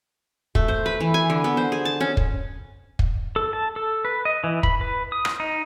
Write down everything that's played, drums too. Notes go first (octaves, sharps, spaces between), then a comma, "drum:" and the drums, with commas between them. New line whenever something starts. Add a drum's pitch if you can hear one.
A3, drum: kick
C5
B4
E3
G#5
D3
B3
C5
G#4
A5
C#4
drum: kick
drum: kick
A4
A5
A4
B4
D#5
E3
B5, drum: kick
B4
D#6
drum: rim click
D#4